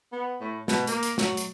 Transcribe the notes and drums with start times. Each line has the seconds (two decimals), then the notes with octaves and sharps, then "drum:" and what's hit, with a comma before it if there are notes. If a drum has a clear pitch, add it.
0.13 B3
0.41 A2
0.68 B2, drum: snare
0.87 A#3, drum: hi-hat
1.03 drum: hi-hat
1.18 F#3, drum: snare
1.37 drum: hi-hat